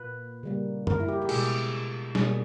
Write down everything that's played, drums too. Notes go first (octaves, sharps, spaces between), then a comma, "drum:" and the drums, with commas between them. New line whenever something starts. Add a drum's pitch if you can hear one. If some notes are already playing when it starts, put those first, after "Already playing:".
Already playing: A#2 A#3 B4
C#3 G3 A#3
A#4, drum: tom F#2
E4
G4
G4
B2 G#3 G#4, drum: cymbal
B2 G3 A#3 G#4, drum: snare